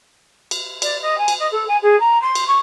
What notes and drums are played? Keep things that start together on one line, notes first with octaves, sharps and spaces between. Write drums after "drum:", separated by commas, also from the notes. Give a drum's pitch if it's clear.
drum: cymbal
D5, drum: cymbal
D#5
G#5
drum: cymbal
D#5
A4
G#5
G#4
A#5
C6
drum: cymbal
C#6